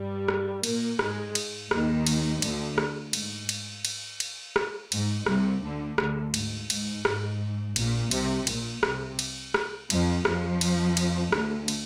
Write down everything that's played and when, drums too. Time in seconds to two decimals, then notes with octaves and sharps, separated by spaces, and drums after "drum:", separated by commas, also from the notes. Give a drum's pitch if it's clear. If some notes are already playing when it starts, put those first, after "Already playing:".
Already playing: G2 G3
0.28 drum: rim click
0.63 A#2 A#3, drum: cymbal
0.99 G#2 G#3, drum: rim click
1.35 drum: cymbal
1.71 D#2 D#3, drum: rim click
2.06 drum: cymbal
2.42 D2 D3, drum: cymbal
2.78 drum: rim click
3.13 G#2, drum: cymbal
3.49 drum: cymbal
3.85 drum: cymbal
4.20 drum: cymbal
4.56 drum: rim click
4.92 G#2, drum: cymbal
5.26 C2 C3, drum: rim click
5.63 D2 D3
5.98 D2 D3, drum: rim click
6.34 G#2, drum: cymbal
6.70 G#2, drum: cymbal
7.05 G#2, drum: rim click
7.76 A#1 A#2, drum: cymbal
8.11 C2 C3, drum: cymbal
8.47 A#1 A#2, drum: cymbal
8.83 C2 C3, drum: rim click
9.19 drum: cymbal
9.54 drum: rim click
9.90 F2 F3, drum: cymbal
10.25 F2 F3, drum: rim click
10.61 drum: cymbal
10.97 drum: cymbal
11.32 D2 D3, drum: rim click
11.68 drum: cymbal